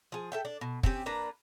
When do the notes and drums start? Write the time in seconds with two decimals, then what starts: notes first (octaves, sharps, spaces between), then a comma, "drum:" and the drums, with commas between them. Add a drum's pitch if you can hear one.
0.12 F3 G#4
0.32 A4 E5 G5
0.45 D4
0.61 B2
0.83 C4 C#4 G4, drum: kick
1.06 A#3 D4 B4 A#5